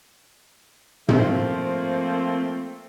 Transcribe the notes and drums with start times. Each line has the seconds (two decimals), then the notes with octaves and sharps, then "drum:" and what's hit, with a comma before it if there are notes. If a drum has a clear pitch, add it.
1.08 F3 A3 A#3 C4, drum: tom